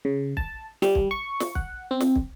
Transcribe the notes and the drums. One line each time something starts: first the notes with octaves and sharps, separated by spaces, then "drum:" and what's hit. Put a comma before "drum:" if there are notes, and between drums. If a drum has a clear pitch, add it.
C#3
A5, drum: kick
G3, drum: snare
drum: kick
C#6
drum: snare
F#5, drum: kick
C4
drum: snare
drum: kick